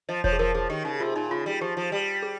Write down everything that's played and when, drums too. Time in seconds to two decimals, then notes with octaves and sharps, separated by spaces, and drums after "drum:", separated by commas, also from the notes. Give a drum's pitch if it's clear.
0.09 F3 D#5
0.24 F3 C#5, drum: kick E1
0.32 G#4
0.39 F3 A#4
0.54 F3 G#4
0.70 D#3 G4
0.85 C#3 D#4
1.00 C3 F4
1.16 A#2 D#4
1.31 C#3 F4
1.46 G3
1.61 F3 G4
1.77 F3
1.92 G3
2.22 G#4